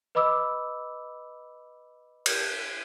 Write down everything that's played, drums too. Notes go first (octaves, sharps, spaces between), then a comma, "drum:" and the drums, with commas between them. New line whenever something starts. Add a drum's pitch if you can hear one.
B4 D#5 B5 D6 E6
drum: cymbal